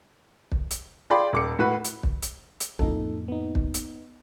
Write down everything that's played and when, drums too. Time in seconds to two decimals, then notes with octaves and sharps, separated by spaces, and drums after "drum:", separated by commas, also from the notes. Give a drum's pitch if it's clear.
0.52 drum: kick
0.71 drum: hi-hat
1.10 F4 G#4 D5 G5 B5 C6
1.33 D#1 D6 C#7
1.59 A2 F#4 B4
1.84 drum: hi-hat
2.03 drum: kick
2.22 drum: hi-hat
2.60 drum: hi-hat
2.79 F2 A2 A#3 D#4 A4, drum: kick
3.28 B3 D#4
3.55 drum: kick
3.74 drum: hi-hat